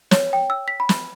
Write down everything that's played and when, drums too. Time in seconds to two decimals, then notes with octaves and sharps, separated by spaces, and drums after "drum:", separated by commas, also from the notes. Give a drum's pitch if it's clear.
0.11 C#5, drum: snare
0.33 G5
0.50 E6
0.68 B6
0.80 B5
0.89 drum: snare